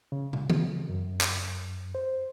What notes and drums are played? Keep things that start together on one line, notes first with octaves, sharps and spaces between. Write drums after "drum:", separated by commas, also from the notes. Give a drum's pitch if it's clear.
C#3
drum: tom
drum: tom
F#2
drum: clap
C5